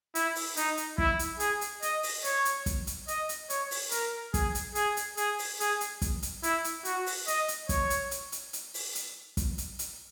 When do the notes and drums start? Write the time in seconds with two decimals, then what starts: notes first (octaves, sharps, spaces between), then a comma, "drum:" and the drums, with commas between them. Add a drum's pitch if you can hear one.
0.15 E4, drum: hi-hat
0.35 drum: open hi-hat
0.57 D#4, drum: hi-hat
0.77 drum: hi-hat
0.98 E4, drum: kick
1.19 drum: hi-hat
1.40 G#4, drum: hi-hat
1.61 drum: hi-hat
1.82 D#5, drum: hi-hat
2.03 drum: open hi-hat
2.24 C#5, drum: hi-hat
2.45 drum: hi-hat
2.66 drum: kick, hi-hat
2.87 drum: hi-hat
3.08 D#5, drum: hi-hat
3.29 drum: hi-hat
3.50 C#5, drum: hi-hat
3.71 drum: open hi-hat
3.91 A#4, drum: hi-hat
4.34 G#4, drum: kick, hi-hat
4.55 drum: hi-hat
4.75 G#4, drum: hi-hat
4.97 drum: hi-hat
5.17 G#4, drum: hi-hat
5.39 drum: open hi-hat
5.60 G#4, drum: hi-hat
5.81 drum: hi-hat
6.02 drum: kick, hi-hat
6.23 drum: hi-hat
6.43 E4, drum: hi-hat
6.64 drum: hi-hat
6.85 F#4, drum: hi-hat
7.06 drum: open hi-hat
7.28 D#5, drum: hi-hat
7.48 drum: hi-hat
7.69 C#5, drum: kick, hi-hat
7.90 drum: hi-hat
8.11 drum: hi-hat
8.32 drum: hi-hat
8.53 drum: hi-hat
8.74 drum: open hi-hat
8.95 drum: hi-hat
9.37 drum: kick, hi-hat
9.58 drum: hi-hat
9.79 drum: hi-hat